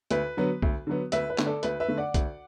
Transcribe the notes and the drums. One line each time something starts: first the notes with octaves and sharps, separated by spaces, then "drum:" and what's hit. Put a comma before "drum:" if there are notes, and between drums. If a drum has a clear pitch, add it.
D2 B4, drum: hi-hat
D3 F#3 B3
D2, drum: kick B1
D3 F#3 B3
D2 B4 E5, drum: hi-hat
B4
D3 A3, drum: clap
A4 D5
D2 B4, drum: hi-hat
B4 E5
D3 A3
D5 F#5
D2, drum: kick B1, hi-hat